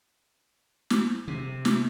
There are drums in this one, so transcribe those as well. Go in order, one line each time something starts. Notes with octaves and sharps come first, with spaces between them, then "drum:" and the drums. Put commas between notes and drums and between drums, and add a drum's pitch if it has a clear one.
drum: snare
C3
drum: snare